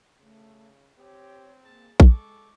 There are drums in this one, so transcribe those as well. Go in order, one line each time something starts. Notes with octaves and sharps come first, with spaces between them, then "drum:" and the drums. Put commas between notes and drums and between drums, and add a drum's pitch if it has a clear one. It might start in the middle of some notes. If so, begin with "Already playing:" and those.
C#3 A3
C4 G4 C#5
A#3 G#4 A5
G#3 A4 C#6 D6, drum: kick A#1